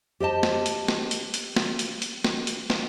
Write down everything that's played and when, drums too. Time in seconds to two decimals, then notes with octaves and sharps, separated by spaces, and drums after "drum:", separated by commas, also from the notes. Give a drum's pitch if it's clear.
0.20 G4 C5 D#5 A5
0.43 drum: snare
0.66 drum: hi-hat
0.88 drum: snare
1.11 drum: hi-hat
1.34 drum: hi-hat
1.56 drum: snare
1.79 drum: hi-hat
2.02 drum: hi-hat
2.24 drum: snare
2.47 drum: hi-hat
2.70 drum: snare